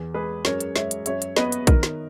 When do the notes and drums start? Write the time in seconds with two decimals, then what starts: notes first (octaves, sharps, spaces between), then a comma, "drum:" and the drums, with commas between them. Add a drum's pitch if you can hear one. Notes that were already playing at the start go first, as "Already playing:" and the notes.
Already playing: E2
0.14 G#3 G#4 B4
0.45 F#2 A#4 C#5, drum: snare
0.60 drum: hi-hat
0.76 G#3 C#5 E5, drum: snare
0.91 drum: hi-hat
1.06 F#2 C#5 E5, drum: hi-hat
1.22 drum: hi-hat
1.36 B3 B4 D#5, drum: snare
1.52 drum: hi-hat
1.67 D#3 A#4, drum: kick A#1, hi-hat
1.83 drum: snare